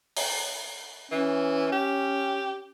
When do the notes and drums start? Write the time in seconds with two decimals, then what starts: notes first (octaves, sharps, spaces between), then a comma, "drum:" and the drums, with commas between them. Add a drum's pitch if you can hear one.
0.17 drum: open hi-hat
1.11 E3 C#4
1.72 G4